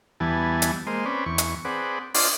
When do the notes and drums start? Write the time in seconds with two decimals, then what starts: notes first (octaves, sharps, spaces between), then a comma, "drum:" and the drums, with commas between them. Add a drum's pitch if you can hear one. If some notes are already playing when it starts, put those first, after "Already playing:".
0.20 E2 E3 G3 B3 G#5 A5
0.62 drum: hi-hat
0.87 G#3 A#3 C5 D#5
1.05 C4 C#4 B4 D5
1.26 E2 C#6
1.38 drum: hi-hat
1.65 C4 G#4 B4 D5 F#5
2.14 D4 F4 C5 D5 D#5, drum: open hi-hat